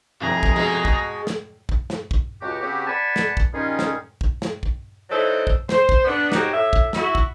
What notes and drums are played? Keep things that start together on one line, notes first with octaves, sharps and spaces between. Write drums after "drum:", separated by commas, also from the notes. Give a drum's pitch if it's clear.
F1 C2 F2 G#4 A#5
drum: kick
B2 G#3
drum: kick
drum: snare
drum: kick
drum: snare
drum: kick
C#2 F#4 G4
C#3 B3 C4 F#4 G4
B4 D5 F#5 G#5 A5 B5
drum: snare
drum: kick
D#3 G3 C#4 D#4 F4 G#4
drum: snare
drum: kick
drum: snare
drum: kick
E3 F#3 D#4 A4 C5 D5
drum: kick
C5, drum: snare
drum: kick
B3 D4
C4 D#4 F#4 G4 C#5, drum: snare
A2 E5
drum: kick
E4 F#4, drum: snare
drum: kick